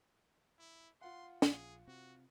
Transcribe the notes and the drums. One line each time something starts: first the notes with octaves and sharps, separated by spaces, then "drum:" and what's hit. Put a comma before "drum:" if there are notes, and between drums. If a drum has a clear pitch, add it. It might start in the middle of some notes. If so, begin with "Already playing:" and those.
E4
F4 F#5 C6
A#1 G#4, drum: snare
C3 C4 F#4